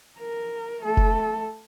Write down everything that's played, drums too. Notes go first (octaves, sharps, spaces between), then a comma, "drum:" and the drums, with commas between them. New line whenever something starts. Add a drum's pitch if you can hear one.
A#4
A3 A4
drum: kick F1